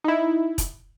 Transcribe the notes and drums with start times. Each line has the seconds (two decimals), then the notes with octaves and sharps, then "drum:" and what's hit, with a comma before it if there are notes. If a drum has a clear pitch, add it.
0.04 D#4 E4
0.58 drum: kick E1, hi-hat